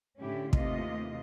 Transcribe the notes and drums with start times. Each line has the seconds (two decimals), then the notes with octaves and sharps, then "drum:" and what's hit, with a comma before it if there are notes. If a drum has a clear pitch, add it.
0.20 A2 D3 A3 C#4 E4 G4
0.53 D#2 C3 E3 A3 F4 D#5, drum: kick